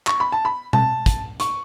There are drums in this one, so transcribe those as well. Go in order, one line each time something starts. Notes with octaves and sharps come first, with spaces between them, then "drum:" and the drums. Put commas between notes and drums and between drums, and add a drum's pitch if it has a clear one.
C#6, drum: clap
B5
A5
B5
A5, drum: tom B2
drum: kick, hi-hat
C#6, drum: hi-hat